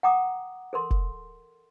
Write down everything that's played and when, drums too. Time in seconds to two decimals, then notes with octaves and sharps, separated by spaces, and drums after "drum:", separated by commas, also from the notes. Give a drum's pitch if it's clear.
0.03 F#5 G5 A#5 D6 D#6
0.73 A4 A#4 C6
0.91 drum: kick F1